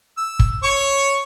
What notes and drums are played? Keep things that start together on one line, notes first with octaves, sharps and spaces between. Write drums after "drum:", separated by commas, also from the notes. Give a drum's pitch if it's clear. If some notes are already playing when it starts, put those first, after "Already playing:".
E6
drum: kick
C#5 C#6